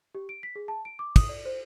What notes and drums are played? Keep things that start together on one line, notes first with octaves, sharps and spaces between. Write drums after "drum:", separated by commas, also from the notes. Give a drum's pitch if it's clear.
G4
D7
B6
G#4
A5
D7
D6
D#6, drum: kick, cymbal
D5
C5